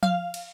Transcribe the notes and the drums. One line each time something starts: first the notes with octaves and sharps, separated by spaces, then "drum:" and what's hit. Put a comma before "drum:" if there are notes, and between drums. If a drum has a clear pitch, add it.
F5, drum: tom F3
drum: cymbal